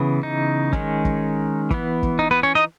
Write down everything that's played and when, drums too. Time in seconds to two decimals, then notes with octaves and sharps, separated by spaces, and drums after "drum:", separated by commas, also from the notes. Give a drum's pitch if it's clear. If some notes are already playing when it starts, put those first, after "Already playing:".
Already playing: C#3 E3 B3
0.23 D#4
0.73 D#3 G#3 C#4, drum: kick
1.05 drum: kick
1.71 E3 B3, drum: kick
2.03 drum: kick
2.19 D#4
2.31 B3 B4
2.43 C#4 C#5
2.55 D#4 D#5